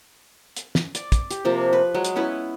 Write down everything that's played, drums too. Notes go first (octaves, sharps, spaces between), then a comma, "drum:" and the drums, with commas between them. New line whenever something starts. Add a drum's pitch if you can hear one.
drum: hi-hat
drum: snare
D5, drum: hi-hat
drum: kick, hi-hat
G4, drum: hi-hat
C3 F3 A#3
B4
F#3 G#3
drum: hi-hat
B3 C#4 E4 B4